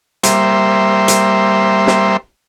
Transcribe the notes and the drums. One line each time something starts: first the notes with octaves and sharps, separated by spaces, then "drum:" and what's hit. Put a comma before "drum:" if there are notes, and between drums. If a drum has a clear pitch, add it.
G3 A#3 C5 E5, drum: hi-hat
drum: hi-hat
drum: snare